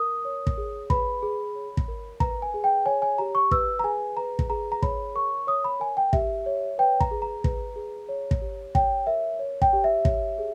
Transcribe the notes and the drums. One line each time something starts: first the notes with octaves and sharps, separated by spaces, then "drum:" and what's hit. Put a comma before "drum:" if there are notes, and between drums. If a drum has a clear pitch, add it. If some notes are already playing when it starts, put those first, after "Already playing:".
Already playing: A#4 D#6
C#5
drum: kick
G#4
B4 B5, drum: kick
G#4
C#5
drum: kick
A#4
B4 A#5, drum: kick
G#5
G#4
G5
C#5 G#5
G#5
G4 A#5
C#6
B4 E6, drum: kick
A#5
G#4 G#5
B4 A#5
drum: kick
G#4 A#5
A#5
C#5 B5, drum: kick
A#4 C#6
C#5 D#6
B5
A#4 G#5
G5
G4 E5, drum: kick
C#5
B4 G5
A#5, drum: kick
G#4
A#5
B4, drum: kick
G#4
C#5
drum: kick
G4
C#5 G5, drum: kick
A#4 E5
C#5
G5, drum: kick
G4
E5
C#5, drum: kick
G#4